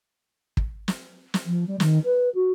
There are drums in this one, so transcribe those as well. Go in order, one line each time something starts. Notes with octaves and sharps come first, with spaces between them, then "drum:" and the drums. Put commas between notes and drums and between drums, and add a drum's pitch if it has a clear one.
drum: kick
drum: snare
drum: snare
F3
G3
D#3, drum: snare
B4
F#4